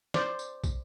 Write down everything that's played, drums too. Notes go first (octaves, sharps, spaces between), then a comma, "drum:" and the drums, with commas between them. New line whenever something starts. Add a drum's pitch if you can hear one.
C5 D5, drum: snare
drum: tambourine
drum: kick, tambourine